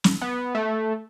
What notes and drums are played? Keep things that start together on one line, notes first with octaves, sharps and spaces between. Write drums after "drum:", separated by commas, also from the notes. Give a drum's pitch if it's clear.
drum: snare
B3
A3